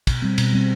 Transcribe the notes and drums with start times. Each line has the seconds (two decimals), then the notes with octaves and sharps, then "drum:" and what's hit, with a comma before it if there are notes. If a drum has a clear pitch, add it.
0.07 B2, drum: kick, cymbal
0.22 G3 C4
0.38 B2, drum: cymbal
0.53 G3 C4